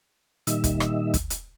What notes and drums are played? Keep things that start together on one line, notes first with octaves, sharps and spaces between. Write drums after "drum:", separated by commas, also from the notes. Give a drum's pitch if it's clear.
A#2 D#3 G3 D#4 E5, drum: hi-hat
drum: kick, hi-hat
drum: rim click
drum: kick, hi-hat
drum: hi-hat